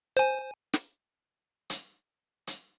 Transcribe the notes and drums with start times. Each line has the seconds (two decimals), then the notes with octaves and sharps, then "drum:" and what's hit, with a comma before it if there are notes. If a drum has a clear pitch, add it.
0.17 C5 G#5
0.74 drum: snare
1.70 drum: hi-hat
2.47 drum: hi-hat